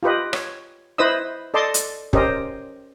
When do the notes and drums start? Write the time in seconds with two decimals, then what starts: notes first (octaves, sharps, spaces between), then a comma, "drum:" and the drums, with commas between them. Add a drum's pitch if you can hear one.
0.03 F4 G4 B4 D#5
0.33 C#5, drum: rim click
0.98 E4 B4 C5 D#5 D#6 E6
1.54 A4 D5 D#5 A5 C6 D6
1.74 drum: hi-hat
2.13 C#4 G4 A#4 C5 D#5, drum: kick